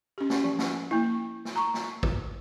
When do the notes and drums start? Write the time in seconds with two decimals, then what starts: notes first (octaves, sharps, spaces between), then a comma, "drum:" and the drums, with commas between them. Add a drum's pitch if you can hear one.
0.18 C#4 G4
0.30 drum: snare
0.44 F3
0.59 drum: snare
0.91 A#3 E4
1.45 drum: snare
1.56 A#5 C#6
1.74 drum: snare
2.03 drum: kick